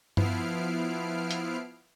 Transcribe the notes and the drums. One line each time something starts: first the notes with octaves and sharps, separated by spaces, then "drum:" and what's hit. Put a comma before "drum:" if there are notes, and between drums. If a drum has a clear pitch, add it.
F3 B3 E4 F6 C7 D7, drum: tom G2
drum: hi-hat